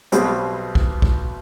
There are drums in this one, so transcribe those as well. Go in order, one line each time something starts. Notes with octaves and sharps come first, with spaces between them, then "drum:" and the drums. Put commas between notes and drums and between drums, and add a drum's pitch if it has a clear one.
B1 B2 G3 C4, drum: hi-hat
drum: kick
drum: kick